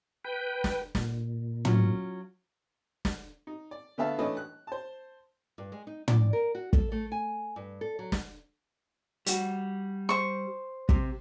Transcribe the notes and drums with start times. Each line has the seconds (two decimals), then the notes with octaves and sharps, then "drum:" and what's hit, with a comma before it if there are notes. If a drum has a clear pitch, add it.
0.25 B4 G5
0.64 drum: snare
0.95 A#2, drum: snare
1.65 F#3 C#4 F4, drum: tom
3.05 drum: snare
3.47 D#4
3.71 D5
3.98 D3 A3 B3 E5 F5 A5
4.19 E3 A3 C#4 D4 B4 D#5
4.37 F#6
4.67 C5 A5
5.58 G2
5.72 G#3
5.87 D#4
6.08 D5, drum: tom
6.33 A#4
6.55 F#4
6.73 A4, drum: kick
6.92 A3
7.12 G#5
7.56 G2
7.81 A4
7.99 F#3
8.12 drum: snare
9.26 G3 F#4, drum: hi-hat
10.09 C5 C#6
10.89 C3, drum: kick